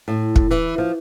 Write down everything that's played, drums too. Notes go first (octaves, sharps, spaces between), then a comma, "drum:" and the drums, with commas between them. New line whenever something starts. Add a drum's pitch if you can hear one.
A2
drum: kick
E3
F3